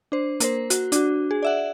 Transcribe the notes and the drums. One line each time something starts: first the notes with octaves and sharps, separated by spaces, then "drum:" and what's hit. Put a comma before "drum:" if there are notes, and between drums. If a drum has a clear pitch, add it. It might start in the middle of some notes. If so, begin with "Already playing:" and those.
D4 C5
A#3 A#4 C5, drum: hi-hat
F#4, drum: hi-hat
D4 F#4, drum: hi-hat
G#4
D5 E5 F#5